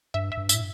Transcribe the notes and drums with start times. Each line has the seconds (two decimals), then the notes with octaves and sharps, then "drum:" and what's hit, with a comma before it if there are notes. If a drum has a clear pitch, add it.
0.14 G2 E5
0.32 E5
0.37 G2
0.49 E5, drum: tambourine
0.54 A2